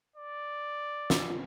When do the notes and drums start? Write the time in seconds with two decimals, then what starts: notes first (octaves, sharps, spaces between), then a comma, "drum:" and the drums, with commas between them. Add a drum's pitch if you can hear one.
0.16 D5
1.10 drum: snare